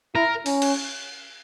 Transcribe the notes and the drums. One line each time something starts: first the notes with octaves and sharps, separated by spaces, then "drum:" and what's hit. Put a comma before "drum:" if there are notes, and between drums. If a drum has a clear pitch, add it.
E4 A#4
C#4, drum: open hi-hat
drum: cymbal